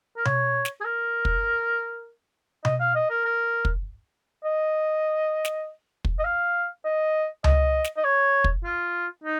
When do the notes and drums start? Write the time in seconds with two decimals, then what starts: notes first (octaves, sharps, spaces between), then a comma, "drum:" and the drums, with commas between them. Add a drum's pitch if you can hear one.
0.17 A#4
0.25 C#5, drum: tom B2
0.65 drum: snare
0.81 G#4
0.85 A#4
1.25 drum: kick
2.65 D#5, drum: tom B2
2.80 F5
2.95 D#5
3.10 A#4
3.25 A#4
3.65 drum: kick
4.45 D#5
5.45 drum: snare
6.05 drum: kick
6.19 D#5
6.24 F5
6.85 D#5
7.44 D#5, drum: tom C#2
7.84 drum: snare
7.97 D#5
8.04 C#5
8.44 drum: kick
8.64 F4
9.24 D#4